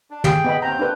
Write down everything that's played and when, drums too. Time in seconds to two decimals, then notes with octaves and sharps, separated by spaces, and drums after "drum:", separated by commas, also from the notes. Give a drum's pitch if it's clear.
0.11 D4
0.24 G4 G#4 G5, drum: tom
0.44 B3 D#5 B5
0.62 D#2 C4 A#5 G6
0.79 D4 B4